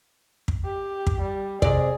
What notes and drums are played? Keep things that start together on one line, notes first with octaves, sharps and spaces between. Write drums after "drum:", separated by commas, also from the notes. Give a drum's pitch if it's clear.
drum: kick
G4
drum: kick
G3
C3 G#4 D5, drum: kick